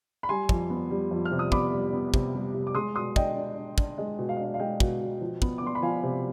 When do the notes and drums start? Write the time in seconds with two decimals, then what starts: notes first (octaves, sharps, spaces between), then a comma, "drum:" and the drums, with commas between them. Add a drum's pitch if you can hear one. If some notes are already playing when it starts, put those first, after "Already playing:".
0.23 B5
0.29 G3 G#5 C6
0.49 F2, drum: kick
0.70 B3
0.91 G3
1.11 F2
1.25 F6
1.32 C3
1.39 D#6
1.52 B3 B5 D6, drum: kick
1.73 G3
1.93 B3
2.14 C3, drum: kick
2.34 G3
2.54 C3
2.67 D6
2.75 G#3 C6 D#6
2.95 B2 C6 D#6
3.16 D4 D#5 G5, drum: kick
3.36 D4
3.57 D4
3.78 D4, drum: kick
3.98 G#3 D#5
4.19 B2
4.29 F5
4.37 D#5
4.39 D4 D5 F5
4.54 F5
4.60 G#3 D#5 G5
4.80 B2, drum: kick
5.01 B2
5.21 F3
5.42 B3, drum: kick
5.58 D6
5.62 B3 C6
5.75 B5
5.82 F3 F5 G#5
6.03 C3